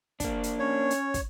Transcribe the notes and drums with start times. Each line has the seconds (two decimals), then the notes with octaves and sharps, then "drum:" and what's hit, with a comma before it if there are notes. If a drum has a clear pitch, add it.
0.20 A#3 D4, drum: kick, hi-hat
0.43 drum: hi-hat
0.59 C#4 C#5
0.91 drum: hi-hat
1.14 drum: kick, hi-hat